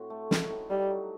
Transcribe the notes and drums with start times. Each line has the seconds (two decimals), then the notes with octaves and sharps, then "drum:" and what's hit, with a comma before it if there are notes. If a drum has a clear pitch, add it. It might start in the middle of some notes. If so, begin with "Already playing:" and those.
Already playing: A2 C4 F#4
0.10 A3
0.31 D#4, drum: snare
0.50 A2
0.70 G3 D#4
0.91 F#3